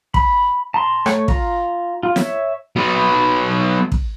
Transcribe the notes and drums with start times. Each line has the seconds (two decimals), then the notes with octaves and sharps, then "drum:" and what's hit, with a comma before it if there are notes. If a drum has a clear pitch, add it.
0.14 B5, drum: kick
0.74 A5 A#5 C6
1.06 A3 C#5, drum: rim click
1.28 F4 A#5, drum: kick
2.03 F4
2.16 C#5 E5, drum: snare
2.76 F#3 B3
3.92 drum: kick